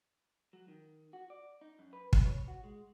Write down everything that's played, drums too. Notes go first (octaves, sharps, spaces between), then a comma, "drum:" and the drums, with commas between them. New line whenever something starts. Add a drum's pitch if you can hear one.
F#3
D#3
F#4
D5
D#4
F#2
B4
B4, drum: kick
C#5
F#4
G#3